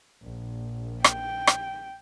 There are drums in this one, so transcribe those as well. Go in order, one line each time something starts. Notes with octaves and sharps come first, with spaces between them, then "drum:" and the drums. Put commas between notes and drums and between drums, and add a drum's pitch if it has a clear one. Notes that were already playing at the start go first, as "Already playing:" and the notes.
A#1
G5, drum: rim click
drum: rim click